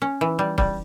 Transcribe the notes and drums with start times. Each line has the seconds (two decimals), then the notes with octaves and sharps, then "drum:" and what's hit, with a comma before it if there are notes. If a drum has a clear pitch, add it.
0.02 C#4
0.21 E3
0.39 G3
0.58 G3, drum: kick C#1